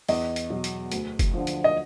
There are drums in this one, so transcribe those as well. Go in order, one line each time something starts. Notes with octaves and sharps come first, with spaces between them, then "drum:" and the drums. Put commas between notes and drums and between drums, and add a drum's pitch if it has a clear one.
E2 D#5, drum: open hi-hat
drum: hi-hat
B2 F#3
drum: hi-hat
D2, drum: hi-hat
drum: kick F#1, hi-hat
D3 F3
drum: hi-hat
D#5